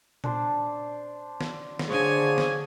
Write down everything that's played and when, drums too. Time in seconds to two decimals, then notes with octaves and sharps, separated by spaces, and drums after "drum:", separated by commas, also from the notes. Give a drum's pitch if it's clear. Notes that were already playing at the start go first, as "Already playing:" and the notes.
0.24 D4 C5 A5, drum: tom A#2
1.41 drum: snare
1.79 drum: snare
1.88 D3 F3 A#3 G#4 C#5 G#5
2.38 drum: snare